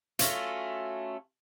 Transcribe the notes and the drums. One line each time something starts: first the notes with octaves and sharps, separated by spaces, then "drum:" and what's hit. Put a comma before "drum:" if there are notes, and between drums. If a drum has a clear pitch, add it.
F#3 A3 C#4 F4, drum: hi-hat